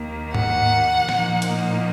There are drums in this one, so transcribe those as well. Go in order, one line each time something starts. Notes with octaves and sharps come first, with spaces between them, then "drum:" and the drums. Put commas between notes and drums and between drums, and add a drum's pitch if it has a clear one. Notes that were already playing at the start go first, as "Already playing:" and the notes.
Already playing: D#2 D#3 A#3
F#5, drum: tom G#2
A#2 F3 A#3 D#4, drum: snare
drum: hi-hat